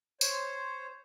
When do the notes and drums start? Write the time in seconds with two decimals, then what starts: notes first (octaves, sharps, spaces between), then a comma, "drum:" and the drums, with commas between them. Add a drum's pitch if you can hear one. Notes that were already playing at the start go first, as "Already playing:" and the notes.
0.21 C5 C#5, drum: tambourine